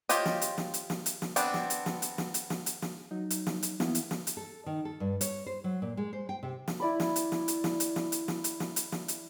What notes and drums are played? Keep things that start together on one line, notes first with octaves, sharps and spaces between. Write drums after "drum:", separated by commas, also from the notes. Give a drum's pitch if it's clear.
F4 G4 C5 C#5 D#5, drum: hi-hat
drum: snare
drum: hi-hat
drum: snare
drum: hi-hat
drum: snare
drum: hi-hat
drum: snare
B3 C4 D4, drum: hi-hat
drum: snare
drum: hi-hat
drum: snare
drum: hi-hat
drum: snare
drum: hi-hat
drum: snare
drum: hi-hat
drum: snare
F#3 D#4
drum: hi-hat
drum: snare
drum: hi-hat
E3 A#3 B3 E4, drum: snare
drum: hi-hat
drum: snare
drum: hi-hat
A4
D#3
A4
G2
C#5, drum: hi-hat
C5
F#3
A#2
G#3
C5
G5
C3
drum: snare
E4 D5 B5
drum: snare
drum: hi-hat
drum: snare
drum: hi-hat
drum: snare
drum: hi-hat
drum: snare
drum: hi-hat
drum: snare
drum: hi-hat
drum: snare
drum: hi-hat
drum: snare
drum: hi-hat